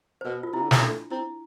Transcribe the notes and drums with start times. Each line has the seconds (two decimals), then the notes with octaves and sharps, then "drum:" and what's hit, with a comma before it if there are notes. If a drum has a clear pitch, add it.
0.21 C5
0.25 B2 B4
0.43 F4
0.53 C3 E4
0.62 D3
0.71 C3, drum: snare
0.83 A3 D4
1.11 C4 E4